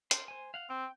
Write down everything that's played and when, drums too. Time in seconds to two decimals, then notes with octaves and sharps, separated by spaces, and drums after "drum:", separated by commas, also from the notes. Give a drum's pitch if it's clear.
0.11 C6, drum: hi-hat
0.28 C5 G#5
0.54 F5 F#5
0.70 C4 G5